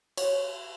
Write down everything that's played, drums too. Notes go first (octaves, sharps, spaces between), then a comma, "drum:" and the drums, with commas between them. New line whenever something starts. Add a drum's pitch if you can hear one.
C#5, drum: cymbal